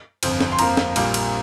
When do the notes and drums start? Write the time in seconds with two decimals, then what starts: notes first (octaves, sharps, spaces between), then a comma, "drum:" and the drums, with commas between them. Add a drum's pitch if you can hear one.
0.23 G1 F2 F3, drum: cymbal
0.41 drum: snare
0.52 C6
0.59 F2 F3 A#3 A#5, drum: cymbal
0.77 drum: snare
0.96 A#1 A#2 G3 A#3, drum: cymbal
1.14 drum: cymbal